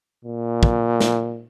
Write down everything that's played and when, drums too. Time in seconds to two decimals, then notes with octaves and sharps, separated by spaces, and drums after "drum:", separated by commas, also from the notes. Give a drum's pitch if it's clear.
0.25 A#2
0.63 drum: kick
1.01 drum: snare